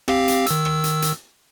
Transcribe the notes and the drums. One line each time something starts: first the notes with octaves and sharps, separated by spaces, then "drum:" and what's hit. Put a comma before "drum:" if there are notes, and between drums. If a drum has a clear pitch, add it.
C4 G4 F5, drum: rim click
drum: hi-hat
D#3 E6, drum: hi-hat
drum: rim click
drum: hi-hat
drum: hi-hat